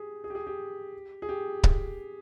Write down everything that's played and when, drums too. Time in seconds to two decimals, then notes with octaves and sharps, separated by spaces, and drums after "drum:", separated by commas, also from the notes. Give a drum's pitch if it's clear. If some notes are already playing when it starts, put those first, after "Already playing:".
Already playing: G4 G#4
0.24 G#4
0.30 G4
0.35 G#4
0.47 G4
1.22 G#4
1.29 G4
1.64 drum: kick C#1